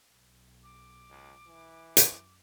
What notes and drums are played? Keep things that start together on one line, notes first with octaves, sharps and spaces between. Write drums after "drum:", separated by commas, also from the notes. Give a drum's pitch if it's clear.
B1
D6
C#2
E3
F#2, drum: hi-hat